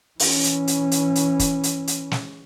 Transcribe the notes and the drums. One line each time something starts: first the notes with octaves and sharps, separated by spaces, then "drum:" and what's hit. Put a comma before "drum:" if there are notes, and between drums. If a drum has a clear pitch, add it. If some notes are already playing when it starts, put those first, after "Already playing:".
E3 C#4, drum: open hi-hat
drum: hi-hat
drum: hi-hat
drum: hi-hat
drum: hi-hat
drum: kick, hi-hat
drum: hi-hat
drum: hi-hat
drum: snare